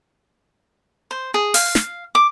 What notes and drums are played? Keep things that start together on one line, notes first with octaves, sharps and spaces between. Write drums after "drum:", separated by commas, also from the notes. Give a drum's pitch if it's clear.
C5
G#4
F5, drum: open hi-hat
drum: snare
D6